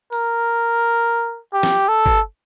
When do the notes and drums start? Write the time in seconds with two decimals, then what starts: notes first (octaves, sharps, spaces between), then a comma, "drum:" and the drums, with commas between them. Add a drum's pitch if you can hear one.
0.13 A#4, drum: open hi-hat
1.53 G4
1.63 drum: snare
1.88 A4
2.06 drum: kick G1